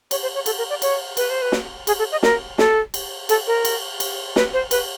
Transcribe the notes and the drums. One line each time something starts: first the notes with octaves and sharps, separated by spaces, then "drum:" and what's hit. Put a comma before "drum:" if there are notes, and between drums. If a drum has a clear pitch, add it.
C#5, drum: cymbal
C5
C#5
A4, drum: cymbal
A#4
D5
C#5, drum: cymbal
B4, drum: cymbal
C5
B4
drum: snare
G#4, drum: cymbal
A4
D#5
A#4, drum: snare
A4, drum: snare
drum: cymbal
A4, drum: cymbal
A#4
drum: cymbal
drum: cymbal
B4, drum: snare
C5
B4, drum: cymbal